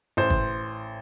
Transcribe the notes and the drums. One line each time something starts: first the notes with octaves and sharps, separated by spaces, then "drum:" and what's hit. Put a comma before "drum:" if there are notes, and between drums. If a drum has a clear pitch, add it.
A1 C5
drum: kick